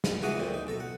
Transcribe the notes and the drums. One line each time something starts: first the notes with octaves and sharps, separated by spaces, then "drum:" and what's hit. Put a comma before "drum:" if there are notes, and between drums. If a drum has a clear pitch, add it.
drum: snare
C#2 E3 F#4 G#4 F#5 A#5
D2 A#2 C4
D#4
B1 A4 A#5
F#5